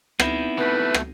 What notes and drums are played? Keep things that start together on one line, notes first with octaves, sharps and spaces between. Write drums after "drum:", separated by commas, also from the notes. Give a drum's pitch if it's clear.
B3 C4 D#4 E4, drum: rim click
B2 A3 B4
drum: rim click